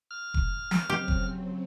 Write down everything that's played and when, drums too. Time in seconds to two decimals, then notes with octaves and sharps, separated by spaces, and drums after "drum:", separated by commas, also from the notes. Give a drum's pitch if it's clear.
0.11 F6
0.34 drum: kick F1
0.71 drum: snare
0.90 C#3 F#3 C4 G4
1.08 drum: kick F1